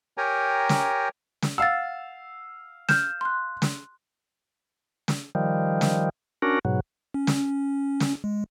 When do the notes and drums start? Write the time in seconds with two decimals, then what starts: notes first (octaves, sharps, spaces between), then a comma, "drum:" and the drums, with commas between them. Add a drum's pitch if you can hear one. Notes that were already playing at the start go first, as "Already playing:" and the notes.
0.18 G4 A#4 C#5 G5 G#5 A#5
0.69 drum: snare
1.42 drum: snare
1.58 F5 F#5 E6 A6
2.89 F6 G6 E7, drum: snare
3.21 C6 F#6
3.62 drum: snare
5.08 drum: snare
5.35 D#3 F3 G3
5.81 drum: snare
6.42 C#4 D4 F#4 A#4
6.65 G#2 B2 F#3
7.14 C#4
7.27 drum: snare
8.00 drum: snare
8.24 G#3